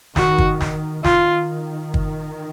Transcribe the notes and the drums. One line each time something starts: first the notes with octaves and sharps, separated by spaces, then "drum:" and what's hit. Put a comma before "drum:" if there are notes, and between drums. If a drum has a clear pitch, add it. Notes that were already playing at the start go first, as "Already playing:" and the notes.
D#3 F#4, drum: snare
drum: kick
drum: snare
D#3 F4, drum: snare
drum: kick